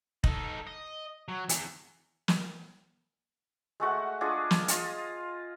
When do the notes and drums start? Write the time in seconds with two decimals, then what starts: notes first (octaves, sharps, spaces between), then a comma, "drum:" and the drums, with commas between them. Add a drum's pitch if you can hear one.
0.24 D#4 A4, drum: kick
0.67 D#5
1.28 F#3
1.49 E2, drum: hi-hat
2.28 drum: snare
3.80 G#3 A3 F#4 F#5
4.21 D4 F4 G#4 D#5
4.51 drum: snare
4.68 F4 D#5, drum: hi-hat